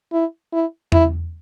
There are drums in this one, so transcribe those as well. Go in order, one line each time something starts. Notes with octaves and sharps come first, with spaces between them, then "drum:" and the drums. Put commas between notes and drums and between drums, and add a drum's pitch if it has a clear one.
E4
E4
E4, drum: tom E2